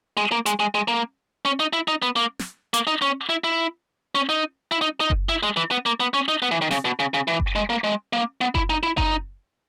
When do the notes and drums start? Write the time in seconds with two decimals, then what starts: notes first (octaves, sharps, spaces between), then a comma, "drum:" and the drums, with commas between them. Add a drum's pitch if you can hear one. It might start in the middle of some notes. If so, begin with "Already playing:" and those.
0.17 G#3
0.32 A#3
0.46 G#3, drum: hi-hat
0.60 G#3
0.75 G#3
0.88 A#3
1.45 C#4
1.60 D#4
1.73 E4
1.88 D#4
2.02 B3
2.16 A#3
2.39 drum: snare
2.74 A#3, drum: hi-hat
2.87 D#4
3.02 C#4
3.29 E4
3.44 E4
4.15 C#4
4.29 D#4
4.72 E4
4.81 D#4
5.00 D#4
5.10 drum: kick F#1
5.29 E4
5.43 G#3
5.57 E3
5.71 B3
5.86 A#3
6.00 B3
6.14 C#4
6.28 D#4
6.42 B3
6.51 E3
6.62 D#3
6.71 C#3, drum: snare
6.85 B2
6.99 C#3
7.14 C#3
7.28 E3
7.40 drum: kick F#1
7.56 G#3
7.70 A#3
7.84 G#3
8.13 A#3
8.41 B3
8.55 E4, drum: kick F#1
8.70 D#4
8.83 E4
8.98 D#4, drum: kick F#1